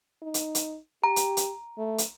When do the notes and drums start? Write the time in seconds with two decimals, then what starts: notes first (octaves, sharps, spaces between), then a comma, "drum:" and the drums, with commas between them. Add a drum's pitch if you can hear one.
0.22 D#4
0.34 drum: hi-hat
0.55 drum: hi-hat
1.04 G4 A#5
1.16 drum: hi-hat
1.37 drum: hi-hat
1.78 A3
1.98 drum: hi-hat